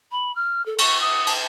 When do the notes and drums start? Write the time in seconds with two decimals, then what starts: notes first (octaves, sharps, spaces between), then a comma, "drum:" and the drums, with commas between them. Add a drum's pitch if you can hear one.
0.12 B5
0.36 F6
0.66 A4
0.78 C#6, drum: cymbal
1.01 D#6
1.27 drum: cymbal